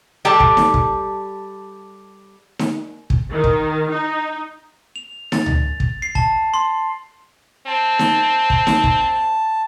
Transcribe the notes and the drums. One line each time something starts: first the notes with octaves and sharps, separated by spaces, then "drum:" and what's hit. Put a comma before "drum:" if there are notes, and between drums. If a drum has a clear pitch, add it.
G3 G4 A4 D5 G5 A5
drum: kick
drum: snare D#4
drum: kick
drum: snare D#4
drum: kick
D#3
drum: kick
D#4
F7
A6, drum: snare D#4
drum: tom C#2
drum: kick
C7
A5, drum: kick
C6
C4 A5
drum: snare D#4
drum: kick
drum: snare D#4
drum: kick